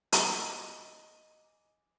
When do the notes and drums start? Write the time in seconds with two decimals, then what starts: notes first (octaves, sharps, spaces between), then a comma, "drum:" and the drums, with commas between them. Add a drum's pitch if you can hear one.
0.12 D#5 G#5 D6 A#6, drum: hi-hat